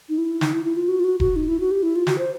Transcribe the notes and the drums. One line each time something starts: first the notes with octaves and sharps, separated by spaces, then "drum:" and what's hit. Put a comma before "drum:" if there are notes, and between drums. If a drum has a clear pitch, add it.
D#4
E4
D#4, drum: snare
E4
E4
F4
F#4
F4
F#4
F#4, drum: kick E1
D#4
E4
F#4
G4
E4
F4
F#4, drum: snare
C5